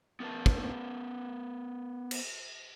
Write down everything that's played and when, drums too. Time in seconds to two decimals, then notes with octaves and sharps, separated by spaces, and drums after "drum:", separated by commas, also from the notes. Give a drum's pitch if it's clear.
0.20 B3 A#4 B4 F5 A5
0.46 drum: kick
2.11 drum: cymbal